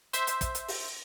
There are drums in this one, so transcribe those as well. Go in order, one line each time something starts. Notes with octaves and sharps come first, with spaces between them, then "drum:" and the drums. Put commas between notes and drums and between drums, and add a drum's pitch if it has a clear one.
C5 E5, drum: hi-hat
drum: hi-hat
drum: kick, hi-hat
drum: hi-hat
drum: open hi-hat